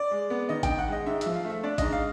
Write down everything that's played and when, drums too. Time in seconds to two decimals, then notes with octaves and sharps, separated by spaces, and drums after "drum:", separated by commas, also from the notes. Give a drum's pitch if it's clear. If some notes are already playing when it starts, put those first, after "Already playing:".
Already playing: D5
0.11 G#3
0.30 B3
0.49 D#3 D#5
0.63 G5, drum: kick A1, hi-hat
0.68 D#3
0.78 F#5
0.88 G#3 D#5
1.06 G#2 E5
1.21 F3 E5, drum: hi-hat
1.35 F5
1.44 A3
1.50 E5
1.63 D4 D5
1.78 G#2 D#5, drum: kick A1, hi-hat
1.92 F5